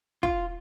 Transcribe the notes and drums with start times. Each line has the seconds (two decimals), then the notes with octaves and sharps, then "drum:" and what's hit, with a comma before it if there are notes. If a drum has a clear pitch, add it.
0.23 F4, drum: kick